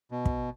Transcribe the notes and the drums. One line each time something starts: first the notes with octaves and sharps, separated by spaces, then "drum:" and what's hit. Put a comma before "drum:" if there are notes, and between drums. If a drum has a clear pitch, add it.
B2
drum: kick